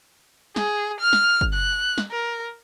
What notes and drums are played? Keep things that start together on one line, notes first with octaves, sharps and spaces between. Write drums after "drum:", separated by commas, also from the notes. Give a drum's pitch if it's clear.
G#4, drum: snare
F6
drum: snare
drum: kick
F#6
drum: snare
A#4